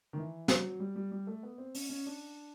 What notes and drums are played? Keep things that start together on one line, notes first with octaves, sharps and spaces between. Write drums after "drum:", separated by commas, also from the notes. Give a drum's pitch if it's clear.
D#3
E3
F#3, drum: snare
G3
G3
G3
A3
B3
C4
C#4, drum: open hi-hat
C#4
D4